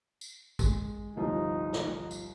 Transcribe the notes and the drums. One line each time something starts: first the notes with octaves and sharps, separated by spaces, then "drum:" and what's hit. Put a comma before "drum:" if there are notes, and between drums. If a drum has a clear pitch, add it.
drum: tambourine
G#3, drum: kick, tambourine
G1 C2 F3 D#4
drum: snare
drum: tambourine